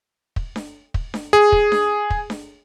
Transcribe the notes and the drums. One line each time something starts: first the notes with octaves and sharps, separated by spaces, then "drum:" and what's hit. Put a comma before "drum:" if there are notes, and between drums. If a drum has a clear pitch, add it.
drum: kick
drum: snare D4
drum: kick
drum: snare D4
G#4
drum: kick
drum: snare D4
drum: kick
drum: snare D4